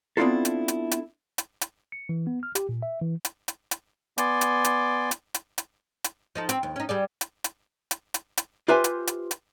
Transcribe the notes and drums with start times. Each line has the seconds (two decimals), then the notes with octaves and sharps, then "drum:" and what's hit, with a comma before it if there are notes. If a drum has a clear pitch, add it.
0.17 B3 C4 D4 E4 F4 A4
0.45 drum: hi-hat
0.68 drum: hi-hat
0.91 drum: hi-hat
1.38 drum: hi-hat
1.61 drum: hi-hat
1.92 C#7
2.09 E3
2.27 B3
2.43 F6
2.55 G4, drum: hi-hat
2.69 A#2
2.82 E5
3.01 E3
3.25 drum: hi-hat
3.48 drum: hi-hat
3.71 drum: hi-hat
4.18 B3 D5 G#5 C6 D6, drum: hi-hat
4.41 drum: hi-hat
4.64 drum: hi-hat
5.11 drum: hi-hat
5.34 drum: hi-hat
5.58 drum: hi-hat
6.04 drum: hi-hat
6.35 F3 D#4 A4
6.49 C4, drum: hi-hat
6.63 D#2
6.76 C#4 D#4
6.89 G3 G#4 D5
7.21 drum: hi-hat
7.44 drum: hi-hat
7.91 drum: hi-hat
8.14 drum: hi-hat
8.37 drum: hi-hat
8.68 F4 G4 B4 C5 E5 G#5
8.84 drum: hi-hat
9.07 drum: hi-hat
9.31 drum: hi-hat